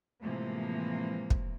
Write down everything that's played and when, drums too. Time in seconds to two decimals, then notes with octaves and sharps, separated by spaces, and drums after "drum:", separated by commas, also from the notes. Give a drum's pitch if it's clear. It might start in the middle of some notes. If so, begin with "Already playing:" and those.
0.23 A2 C3 E3 F3 G#3 A#3
1.30 drum: kick